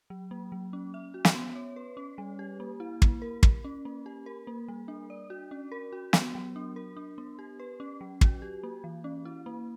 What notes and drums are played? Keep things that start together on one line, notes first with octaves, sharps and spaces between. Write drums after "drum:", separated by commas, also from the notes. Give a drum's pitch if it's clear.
F#3
A#3
F#3
C#4
E5
F#4
drum: snare
B3
C#5
B4
C#4
G3
G4
A#3
E4
A#3, drum: kick
A#4
A#4, drum: kick
C#4
A#3
G4
A#4
A#3
G3
D4
D5
F#4
C#4
A#4
F#4
B3, drum: snare
F#3
D4
A#4
D4
B3
G4
B4
C#4
F#3
F#4, drum: kick
G4
A#3
E3
C#4
E4
A#3